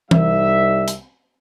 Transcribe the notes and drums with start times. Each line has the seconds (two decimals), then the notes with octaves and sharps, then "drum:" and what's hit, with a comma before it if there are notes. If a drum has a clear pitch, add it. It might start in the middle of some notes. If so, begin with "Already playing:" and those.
0.11 C2 G3 D#4 E5, drum: tom E3
0.88 drum: hi-hat